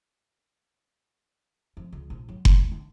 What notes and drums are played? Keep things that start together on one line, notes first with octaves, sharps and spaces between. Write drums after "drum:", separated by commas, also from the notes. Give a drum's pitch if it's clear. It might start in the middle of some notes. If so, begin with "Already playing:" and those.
F2
C#2
A#1
F#3
A#2, drum: kick F#1
D2
D3